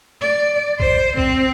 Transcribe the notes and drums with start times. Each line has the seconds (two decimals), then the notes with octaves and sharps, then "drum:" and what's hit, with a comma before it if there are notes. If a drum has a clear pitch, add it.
0.21 D5
0.80 C5, drum: kick
1.17 C4, drum: kick